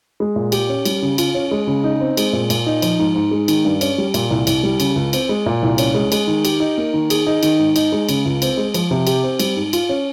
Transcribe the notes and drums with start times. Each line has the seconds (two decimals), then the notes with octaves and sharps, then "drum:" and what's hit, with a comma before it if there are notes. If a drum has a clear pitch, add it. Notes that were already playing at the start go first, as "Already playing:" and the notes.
0.20 G#3
0.36 A#2
0.52 G4, drum: cymbal
0.69 C#4
0.85 G3, drum: cymbal
1.03 C#3
1.18 F4, drum: cymbal
1.34 C#4
1.51 G#3
1.67 C#3
1.84 D#4
2.01 C4
2.17 G#3, drum: cymbal
2.33 A#2
2.50 A#2, drum: cymbal
2.66 D#4
2.82 F3, drum: cymbal
2.99 G#2
3.16 G#2
3.31 G#3
3.48 D#3, drum: cymbal
3.65 G2
3.81 C#4, drum: cymbal
3.98 G3
4.14 A#2, drum: cymbal
4.30 C2
4.47 C2, drum: cymbal
4.63 G3
4.80 C#3, drum: cymbal
4.96 C#2
5.13 C4, drum: cymbal
5.29 G#3
5.46 A#2
5.62 C2
5.78 C#4, drum: cymbal
5.95 G#3
6.12 G#3, drum: cymbal
6.27 D#3
6.45 G4, drum: cymbal
6.60 D#4
6.78 A#3
6.94 D#3
7.10 G#4, drum: cymbal
7.27 D#4
7.43 D#3, drum: cymbal
7.59 G#2
7.76 D#4, drum: cymbal
7.92 G#3
8.09 C#3, drum: cymbal
8.25 C#2
8.42 C4, drum: cymbal
8.57 G#3
8.74 F3, drum: cymbal
8.91 C3
9.07 G4, drum: cymbal
9.24 C4
9.39 G3, drum: cymbal
9.56 G#2
9.73 F4, drum: cymbal
9.89 C#4